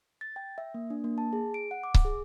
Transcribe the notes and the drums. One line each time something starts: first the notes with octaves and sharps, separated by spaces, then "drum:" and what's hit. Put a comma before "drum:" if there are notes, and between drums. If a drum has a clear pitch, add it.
A6
G5
E5
A#3
D4
A#3
A5
G#4
D7
F#5
D6
drum: kick C#1
G#4